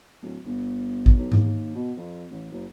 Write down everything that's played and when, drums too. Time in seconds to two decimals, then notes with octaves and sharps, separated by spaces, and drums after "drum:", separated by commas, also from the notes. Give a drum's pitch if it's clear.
0.22 D1
0.45 G1
1.06 drum: kick
1.17 B1
1.32 D#2, drum: tom G#2
1.75 B2
1.97 F2
2.31 A1
2.52 F#1